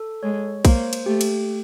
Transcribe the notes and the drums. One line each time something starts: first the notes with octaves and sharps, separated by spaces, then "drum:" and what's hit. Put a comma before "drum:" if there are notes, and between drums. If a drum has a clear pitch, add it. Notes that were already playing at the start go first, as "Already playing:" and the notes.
Already playing: A4
G#3 C#5
A#3 C5, drum: kick B1, cymbal
drum: cymbal
A3 G4
drum: cymbal